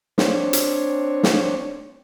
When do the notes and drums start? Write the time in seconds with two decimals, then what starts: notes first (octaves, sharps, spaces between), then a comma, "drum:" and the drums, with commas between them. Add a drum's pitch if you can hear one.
0.18 C4 D4 C#5, drum: snare
0.53 drum: hi-hat
1.23 drum: snare